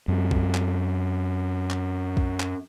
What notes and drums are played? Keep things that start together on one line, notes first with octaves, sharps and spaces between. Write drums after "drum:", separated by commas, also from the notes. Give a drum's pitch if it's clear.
F#2 C4
drum: kick B1
drum: clap
drum: clap
drum: kick B1
drum: clap